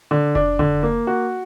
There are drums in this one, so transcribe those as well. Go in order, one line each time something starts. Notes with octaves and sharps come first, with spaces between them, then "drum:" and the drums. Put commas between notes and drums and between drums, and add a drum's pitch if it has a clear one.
D3
D4, drum: kick F1
D3, drum: kick F1
A#3
F#4